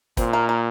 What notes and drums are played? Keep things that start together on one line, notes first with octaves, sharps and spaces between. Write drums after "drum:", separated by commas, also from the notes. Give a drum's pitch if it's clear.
A#2 C4, drum: kick, hi-hat
A#3
A#3